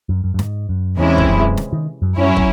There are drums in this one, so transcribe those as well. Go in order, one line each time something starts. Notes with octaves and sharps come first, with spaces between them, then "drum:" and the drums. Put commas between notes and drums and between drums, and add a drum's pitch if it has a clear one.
F#2
F#2
F#2
G#2, drum: snare
F#2
E2 C3 E3 G#3 C#4 E4
drum: kick
F#2
drum: snare
D#3
F#2
F#2 F#3 C#4 E4
drum: kick